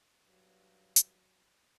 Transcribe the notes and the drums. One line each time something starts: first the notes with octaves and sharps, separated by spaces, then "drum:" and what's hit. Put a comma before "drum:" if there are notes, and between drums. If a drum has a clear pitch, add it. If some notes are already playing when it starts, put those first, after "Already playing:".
G2 F#3
drum: hi-hat